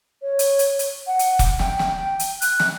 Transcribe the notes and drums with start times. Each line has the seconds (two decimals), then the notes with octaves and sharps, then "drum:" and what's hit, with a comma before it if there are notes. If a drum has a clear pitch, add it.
0.22 C#5
0.39 drum: hi-hat
0.59 drum: hi-hat
0.79 drum: hi-hat
1.07 F#5
1.19 drum: hi-hat
1.39 drum: kick, hi-hat
1.59 G5, drum: snare
1.79 drum: snare
1.96 G5
2.19 drum: hi-hat
2.42 F#6, drum: hi-hat
2.60 drum: snare